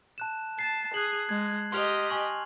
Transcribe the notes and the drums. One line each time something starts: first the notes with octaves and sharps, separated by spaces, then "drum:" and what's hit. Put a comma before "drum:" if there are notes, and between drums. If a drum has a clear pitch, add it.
A5 F#6 E7
A5 C7
G#4 F#6 C7 F#7
G#3 G#6
G4 D#5 C6 F6 F7, drum: open hi-hat
G#5 C#6 F#7